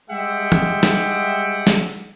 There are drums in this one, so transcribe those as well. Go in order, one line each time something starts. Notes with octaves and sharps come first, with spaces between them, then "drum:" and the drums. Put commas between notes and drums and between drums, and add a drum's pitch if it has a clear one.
G3 G#3 G4 E5 F#5 G5
drum: tom
drum: snare
drum: snare